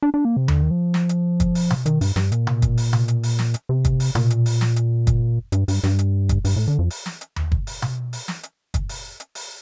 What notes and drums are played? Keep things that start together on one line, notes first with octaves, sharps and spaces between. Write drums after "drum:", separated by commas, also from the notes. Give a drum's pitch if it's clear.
D4
D4
A#3
C3
D3, drum: tom D#2
D#3
F3
drum: snare
drum: hi-hat
drum: kick, hi-hat
drum: open hi-hat
drum: tom B2
D#3, drum: hi-hat
G2, drum: open hi-hat
G2, drum: snare
A#2, drum: hi-hat
drum: tom B2
drum: kick, hi-hat
drum: open hi-hat
drum: tom B2
drum: hi-hat
drum: open hi-hat
drum: snare
drum: hi-hat
C3
drum: kick, hi-hat
drum: open hi-hat
A#2, drum: tom B2
drum: hi-hat
drum: open hi-hat
drum: snare
drum: hi-hat
drum: kick, hi-hat
G2, drum: hi-hat
G2, drum: open hi-hat
G2, drum: snare
drum: hi-hat
drum: kick, hi-hat
G2, drum: open hi-hat
A2
D3
F2
drum: open hi-hat
drum: snare
drum: hi-hat
drum: tom D#2
drum: kick
drum: open hi-hat
drum: tom B2
drum: open hi-hat
drum: snare
drum: hi-hat
drum: kick, hi-hat
drum: open hi-hat
drum: hi-hat
drum: open hi-hat